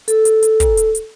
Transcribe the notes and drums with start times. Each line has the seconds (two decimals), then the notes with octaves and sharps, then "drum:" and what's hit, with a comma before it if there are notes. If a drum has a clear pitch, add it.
0.08 A4, drum: hi-hat
0.25 drum: hi-hat
0.43 drum: hi-hat
0.60 drum: kick, hi-hat
0.77 drum: hi-hat
0.95 drum: hi-hat